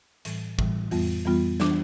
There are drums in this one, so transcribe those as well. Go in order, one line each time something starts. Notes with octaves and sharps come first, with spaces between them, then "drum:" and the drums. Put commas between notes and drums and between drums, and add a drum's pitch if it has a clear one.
A2 E3 G3, drum: hi-hat
A2 E3 G3, drum: kick
F2 E3 G3 B3 F4, drum: open hi-hat
F2 E3 G3 B3 F4
E3 G3 D4, drum: snare